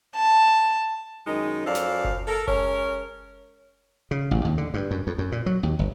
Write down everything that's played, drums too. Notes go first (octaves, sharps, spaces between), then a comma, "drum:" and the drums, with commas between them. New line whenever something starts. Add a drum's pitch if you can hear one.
A5
F#2 D#3 G#3 D#4
F#2 F3 A4 D5 F5
drum: snare
drum: kick F#1
A4 A#4
G#3 C#4 A#4 C#5, drum: kick F#1
C#3
A1
D#2
D3
G2
F#2
F2
F#2
A#2
F#3
D#2
G1